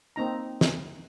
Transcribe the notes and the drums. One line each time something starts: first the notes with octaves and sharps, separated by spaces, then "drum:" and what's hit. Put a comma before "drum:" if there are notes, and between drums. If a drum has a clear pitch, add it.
A#3 C4 D#4 A#5
drum: snare